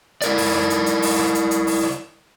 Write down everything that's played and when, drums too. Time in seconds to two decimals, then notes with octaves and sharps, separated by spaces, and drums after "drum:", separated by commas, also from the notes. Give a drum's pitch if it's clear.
0.22 E4 A#4 D5, drum: hi-hat
0.38 drum: open hi-hat
0.54 drum: rim click
0.70 drum: hi-hat
0.86 drum: hi-hat
1.02 drum: open hi-hat
1.19 drum: rim click
1.35 drum: hi-hat
1.51 drum: hi-hat
1.67 drum: open hi-hat
1.83 drum: rim click